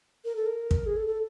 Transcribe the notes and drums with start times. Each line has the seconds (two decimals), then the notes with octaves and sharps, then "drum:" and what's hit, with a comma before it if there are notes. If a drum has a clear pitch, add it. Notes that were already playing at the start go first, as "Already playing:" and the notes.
0.24 A#4
0.35 A4
0.46 A#4
0.71 drum: kick
0.86 G#4
0.96 A4
1.07 A4